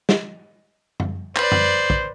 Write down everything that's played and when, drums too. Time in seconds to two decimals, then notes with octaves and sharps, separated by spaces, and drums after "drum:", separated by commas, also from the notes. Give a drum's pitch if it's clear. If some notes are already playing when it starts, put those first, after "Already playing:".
0.09 drum: snare
1.00 drum: tom F#2
1.36 B4 C5 D5, drum: clap
1.52 drum: tom F#2
1.90 drum: kick